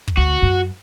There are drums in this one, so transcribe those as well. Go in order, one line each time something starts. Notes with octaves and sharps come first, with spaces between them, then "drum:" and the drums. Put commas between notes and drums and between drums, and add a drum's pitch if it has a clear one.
drum: kick
D2 F#4
F#2